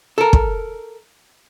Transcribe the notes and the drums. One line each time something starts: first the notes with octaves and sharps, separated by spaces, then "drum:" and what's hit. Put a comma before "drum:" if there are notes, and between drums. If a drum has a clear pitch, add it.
A4 A#4
drum: kick